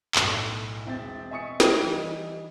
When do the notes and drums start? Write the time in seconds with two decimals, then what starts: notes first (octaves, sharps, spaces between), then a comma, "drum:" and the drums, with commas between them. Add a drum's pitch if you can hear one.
0.15 B1 A2, drum: clap
0.86 E1 C4 E5 A6
1.31 D#5 E5 G#5 C#6 D#6 C#7
1.60 drum: snare
1.81 E3 G3 D#4